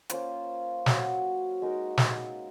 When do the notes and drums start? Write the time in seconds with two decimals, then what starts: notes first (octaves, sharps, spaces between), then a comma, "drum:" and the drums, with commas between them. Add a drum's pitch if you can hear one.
0.10 A#3 C#4 F4 C5, drum: hi-hat
0.86 F#3 C#4 F#4, drum: snare
1.62 G#3 D#4 F#4 A#4
1.98 drum: snare